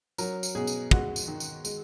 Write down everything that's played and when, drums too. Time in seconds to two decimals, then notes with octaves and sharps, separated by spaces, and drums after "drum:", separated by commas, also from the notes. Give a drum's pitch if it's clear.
0.18 F#3 A#4, drum: tambourine
0.43 drum: tambourine
0.55 B2 G#4
0.67 drum: tambourine
0.91 G#3 F#4, drum: kick
1.16 drum: tambourine
1.28 D#3
1.40 drum: tambourine
1.65 G#3, drum: tambourine